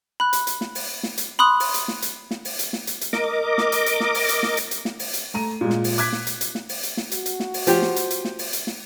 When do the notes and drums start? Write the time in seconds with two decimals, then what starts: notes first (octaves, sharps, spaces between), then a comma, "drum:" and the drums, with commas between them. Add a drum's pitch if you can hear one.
0.20 B5 F#6
0.33 drum: hi-hat
0.47 drum: hi-hat
0.61 drum: snare
0.75 drum: open hi-hat
1.03 drum: snare
1.18 drum: hi-hat
1.39 B5 C6 D#6 F#6 F#7
1.60 drum: open hi-hat
1.74 drum: hi-hat
1.88 drum: snare
2.02 drum: hi-hat
2.31 drum: snare
2.45 drum: open hi-hat
2.59 drum: hi-hat
2.73 drum: snare
2.87 drum: hi-hat
3.01 drum: hi-hat
3.13 A#4 D#5 D6, drum: snare
3.58 drum: snare
3.72 drum: hi-hat
3.86 drum: hi-hat
4.00 drum: snare
4.15 drum: open hi-hat
4.29 drum: hi-hat
4.43 drum: snare
4.57 drum: hi-hat
4.71 drum: hi-hat
4.85 drum: snare
4.99 drum: open hi-hat
5.14 drum: hi-hat
5.34 A3 A#5 D#7
5.61 A#2 G#3
5.70 drum: snare
5.84 drum: open hi-hat
5.98 D6 F#6 G#6 B6, drum: hi-hat
6.12 drum: snare
6.27 drum: hi-hat
6.41 drum: hi-hat
6.55 drum: snare
6.69 drum: open hi-hat
6.83 drum: hi-hat
6.97 drum: snare
7.11 F#4, drum: hi-hat
7.26 drum: hi-hat
7.40 drum: snare
7.54 drum: open hi-hat
7.67 F3 G4, drum: hi-hat
7.82 drum: snare
7.96 drum: hi-hat
8.10 drum: hi-hat
8.25 drum: snare
8.39 drum: open hi-hat
8.53 drum: hi-hat
8.67 drum: snare